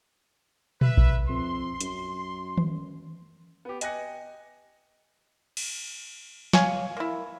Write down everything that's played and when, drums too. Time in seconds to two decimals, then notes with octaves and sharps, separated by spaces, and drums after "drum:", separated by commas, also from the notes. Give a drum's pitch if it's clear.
0.81 B4 E5, drum: tom A#2
0.97 drum: kick A#1
1.29 F2 C6
1.81 F#2, drum: hi-hat
2.57 drum: tom D#3
3.65 B3 G4
3.81 D#5 G5 G#5 F#6 A#6 C#7, drum: hi-hat
5.57 drum: cymbal
6.53 C#5 F5 G#5, drum: snare
6.97 A#3 E4